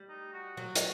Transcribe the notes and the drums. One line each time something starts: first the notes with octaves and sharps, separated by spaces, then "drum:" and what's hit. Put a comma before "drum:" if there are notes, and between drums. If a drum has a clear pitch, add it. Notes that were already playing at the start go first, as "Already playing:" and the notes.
Already playing: G3
D#4
F#4
F#3
drum: hi-hat